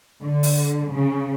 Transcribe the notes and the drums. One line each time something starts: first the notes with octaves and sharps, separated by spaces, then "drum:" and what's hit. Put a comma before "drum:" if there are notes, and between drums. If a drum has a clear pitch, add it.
D3
drum: open hi-hat
C#3